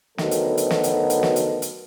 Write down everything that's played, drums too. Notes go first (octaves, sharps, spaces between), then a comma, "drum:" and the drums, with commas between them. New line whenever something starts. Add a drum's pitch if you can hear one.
D2 D#3 F#3 B3 A4, drum: snare
drum: hi-hat
drum: hi-hat
drum: snare
drum: hi-hat
drum: hi-hat
drum: snare
drum: hi-hat
drum: hi-hat